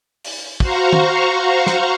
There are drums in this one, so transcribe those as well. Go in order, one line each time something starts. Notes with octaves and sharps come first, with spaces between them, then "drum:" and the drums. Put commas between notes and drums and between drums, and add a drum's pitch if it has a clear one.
drum: open hi-hat
F#4 C5 F5 A#5 C#6, drum: kick
drum: tom D#3
drum: snare